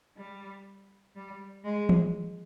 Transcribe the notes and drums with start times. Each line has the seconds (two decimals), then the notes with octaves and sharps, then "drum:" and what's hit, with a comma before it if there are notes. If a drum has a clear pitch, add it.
0.16 G3
1.16 G3
1.65 G#3
1.89 drum: tom E3